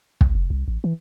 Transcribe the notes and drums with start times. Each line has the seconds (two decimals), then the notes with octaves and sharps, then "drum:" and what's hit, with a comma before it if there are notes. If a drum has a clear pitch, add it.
0.21 C#2, drum: kick
0.35 F1
0.50 C2
0.68 A1
0.84 E3